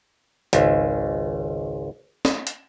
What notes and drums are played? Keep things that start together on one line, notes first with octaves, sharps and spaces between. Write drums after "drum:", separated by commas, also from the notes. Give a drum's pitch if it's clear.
G#1 C#2, drum: hi-hat
drum: snare
drum: hi-hat